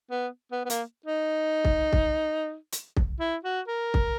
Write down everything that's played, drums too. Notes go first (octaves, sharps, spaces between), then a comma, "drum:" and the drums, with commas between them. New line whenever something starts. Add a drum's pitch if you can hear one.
B3
B3
B3
A#3, drum: hi-hat
D#4
drum: kick
drum: kick
drum: hi-hat
drum: kick
E4
F#4
A#4
drum: kick